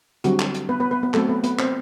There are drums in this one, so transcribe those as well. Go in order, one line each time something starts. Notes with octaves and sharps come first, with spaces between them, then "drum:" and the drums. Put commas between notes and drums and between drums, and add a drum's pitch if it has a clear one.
D3 F#3 G3 C4 F#4, drum: hi-hat
drum: clap
drum: hi-hat
B3 B4
B3 B4
B3 B4
B3 B4
F#3 A3 C4 A4, drum: clap
B3 B4
B3 B4, drum: hi-hat
C4 C5, drum: clap